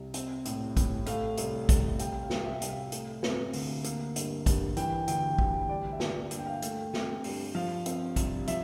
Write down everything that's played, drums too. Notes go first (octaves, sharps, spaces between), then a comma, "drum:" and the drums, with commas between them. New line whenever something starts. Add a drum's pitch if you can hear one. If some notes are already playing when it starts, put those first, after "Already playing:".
Already playing: C2
C4, drum: hi-hat
A2, drum: hi-hat
A2, drum: kick, hi-hat
A3 F5, drum: hi-hat
C2, drum: hi-hat
C2, drum: kick, hi-hat
G3 G5, drum: hi-hat
F5
C2, drum: snare
E5
C2, drum: hi-hat
F5
A3, drum: hi-hat
C4, drum: snare
D2, drum: open hi-hat
A#3, drum: hi-hat
G2, drum: hi-hat
G2, drum: kick, hi-hat
E3 G5, drum: hi-hat
D2 G5, drum: hi-hat
D2, drum: kick
G3 D5
E5
A#3, drum: snare
G2, drum: hi-hat
G5
F5
G5
A3, drum: hi-hat
C4, drum: snare
G2, drum: open hi-hat
F3 F5
C4, drum: hi-hat
C2, drum: kick, hi-hat
F3 E5, drum: hi-hat